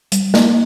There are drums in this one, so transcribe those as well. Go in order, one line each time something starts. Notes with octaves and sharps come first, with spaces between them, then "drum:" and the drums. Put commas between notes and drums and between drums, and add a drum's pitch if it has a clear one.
G3, drum: hi-hat
A#3, drum: snare